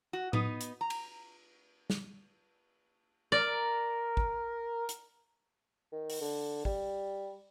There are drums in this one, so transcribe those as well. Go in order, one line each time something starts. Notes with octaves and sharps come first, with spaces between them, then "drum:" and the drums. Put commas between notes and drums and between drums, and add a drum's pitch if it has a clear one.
F#4
B3 D#4, drum: tom A2
drum: hi-hat
A#5
drum: cymbal
drum: snare
A#4 D5
drum: kick A1
drum: hi-hat
D#3
drum: open hi-hat
D3
G3, drum: kick A1